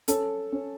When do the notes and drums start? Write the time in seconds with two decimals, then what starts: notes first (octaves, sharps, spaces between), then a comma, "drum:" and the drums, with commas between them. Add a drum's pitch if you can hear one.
0.08 C#4 A4, drum: hi-hat
0.52 C#4